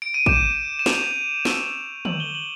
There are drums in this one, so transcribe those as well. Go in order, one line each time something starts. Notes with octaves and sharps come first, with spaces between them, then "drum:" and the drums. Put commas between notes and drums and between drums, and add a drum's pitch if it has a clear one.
D7
D#7
D6 G6 E7, drum: kick
E7
D6 G6 F7, drum: snare
C#6 E6 G6, drum: snare
C#6 E6 G6 F#7, drum: tom
G7
F#7